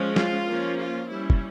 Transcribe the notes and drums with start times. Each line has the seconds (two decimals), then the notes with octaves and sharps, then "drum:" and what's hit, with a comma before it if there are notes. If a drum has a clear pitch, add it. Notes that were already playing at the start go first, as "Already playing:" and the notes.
Already playing: F3 G#3 C#4
0.16 F4, drum: snare
0.47 F3 A#3 C#4
0.79 F4
1.09 G3 C#4 E4
1.30 drum: kick